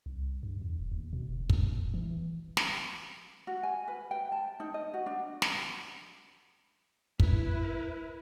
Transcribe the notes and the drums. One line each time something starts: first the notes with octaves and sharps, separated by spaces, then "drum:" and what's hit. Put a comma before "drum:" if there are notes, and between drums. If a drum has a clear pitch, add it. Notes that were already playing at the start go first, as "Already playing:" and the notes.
C2
G2
E2
D#1
D#2
B2
F1
A#2, drum: kick
A1
D#1
E3
drum: snare
F#4
G#5
B4
G5
A5
D#4
D#5
F#4
D4
drum: snare
E4 B4, drum: kick